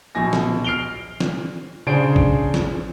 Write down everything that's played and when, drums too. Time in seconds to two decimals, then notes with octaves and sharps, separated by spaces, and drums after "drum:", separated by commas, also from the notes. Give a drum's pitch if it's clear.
0.15 A#1 B2 G#5 A#6
0.33 drum: snare
0.64 F6 C7 D7 F7 G7
1.20 drum: snare
1.87 C#3 D4 G#4 C5 D7
2.16 drum: kick A1
2.54 drum: snare